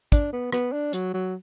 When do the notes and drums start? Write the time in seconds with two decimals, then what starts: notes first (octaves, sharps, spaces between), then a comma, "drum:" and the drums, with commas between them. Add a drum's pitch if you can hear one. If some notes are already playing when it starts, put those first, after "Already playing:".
0.12 D4, drum: kick, hi-hat
0.33 B3
0.52 B3, drum: rim click
0.72 D4
0.93 F#3, drum: hi-hat
1.13 F#3